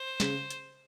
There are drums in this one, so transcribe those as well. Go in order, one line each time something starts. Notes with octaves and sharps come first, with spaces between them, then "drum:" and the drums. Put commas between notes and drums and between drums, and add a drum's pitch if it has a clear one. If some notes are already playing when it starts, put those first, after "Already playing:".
Already playing: C5
C#3, drum: snare
drum: hi-hat